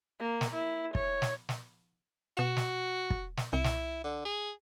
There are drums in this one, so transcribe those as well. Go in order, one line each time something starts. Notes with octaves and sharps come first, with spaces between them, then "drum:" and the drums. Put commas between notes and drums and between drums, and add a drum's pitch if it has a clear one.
A#3
drum: snare
E4
C#5, drum: kick
drum: snare
drum: snare
B2 F#4 E7
drum: snare
drum: kick
drum: snare
C2 E4
drum: snare
D3
G#4